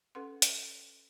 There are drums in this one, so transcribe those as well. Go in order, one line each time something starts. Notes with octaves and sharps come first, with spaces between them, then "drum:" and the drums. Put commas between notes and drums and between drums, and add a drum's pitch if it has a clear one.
C#4 A4 B4 F#5 C6
drum: hi-hat